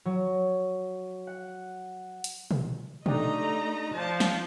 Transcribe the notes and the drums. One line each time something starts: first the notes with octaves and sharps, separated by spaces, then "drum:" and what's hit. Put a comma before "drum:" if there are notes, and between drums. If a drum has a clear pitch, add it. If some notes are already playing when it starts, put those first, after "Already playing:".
F#3
F#5
drum: hi-hat
drum: tom
A3 D4 D#4 G4 A4 D#5 A#5, drum: tom
F3 D4 C5 A5
drum: snare